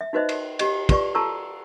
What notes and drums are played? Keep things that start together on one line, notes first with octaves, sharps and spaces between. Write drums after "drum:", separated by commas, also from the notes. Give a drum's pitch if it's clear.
E5
D#4 F#4 B4 C5 D#5 E5
drum: cymbal
G4 D#5, drum: cymbal
F4 G4 B4 D5 C#6, drum: kick, cymbal
F4 A4 A5 A#5 C#6 E6